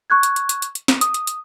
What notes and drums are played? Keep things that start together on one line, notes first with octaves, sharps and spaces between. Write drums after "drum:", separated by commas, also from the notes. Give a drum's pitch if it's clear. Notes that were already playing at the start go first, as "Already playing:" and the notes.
C#6 F#6 G#6
drum: hi-hat
drum: hi-hat
drum: hi-hat
drum: hi-hat
drum: hi-hat
drum: snare
D#6, drum: hi-hat
drum: hi-hat
drum: hi-hat